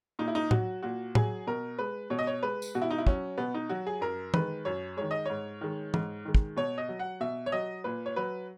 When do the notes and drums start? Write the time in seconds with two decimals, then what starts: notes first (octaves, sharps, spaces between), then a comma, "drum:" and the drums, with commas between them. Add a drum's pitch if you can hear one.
0.19 A#2 D#4
0.28 E4
0.35 D#4
0.51 F#3 F#4, drum: tom A2
0.83 A#2 F#4
1.15 F#3 G#4, drum: tom A2
1.47 B2 A#4
1.79 G#3 B4
2.10 B2 C#5
2.19 D#5
2.27 C#5
2.43 G#3 B4
2.62 drum: tambourine
2.75 B2 F#4
2.82 E4
2.91 D#4
2.98 E4
3.07 F#3 C#4, drum: kick
3.38 B2 B3
3.54 D#4
3.69 F#3 F#4
3.87 G#4
4.01 F#2 A#4
4.34 D#3 G#3 B4, drum: tom
4.65 F#2 C#5
4.97 D#3 G#3 C#5
5.11 D#5
5.26 G#2 C#5
5.61 D#3 G#3
5.94 G#2, drum: tom
6.25 D#3 G#3
6.35 drum: kick
6.57 B2 C#5
6.78 D#5
6.89 F#3
6.99 F#5
7.20 B2 E5
7.46 C#5
7.52 F#3 D#5
7.84 A#2 B4
8.06 C#5
8.16 F#3 B4